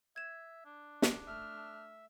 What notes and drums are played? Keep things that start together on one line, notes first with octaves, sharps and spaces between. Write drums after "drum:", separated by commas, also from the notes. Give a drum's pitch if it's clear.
E5 G#6 E7
D4
drum: snare
A3 E5 F6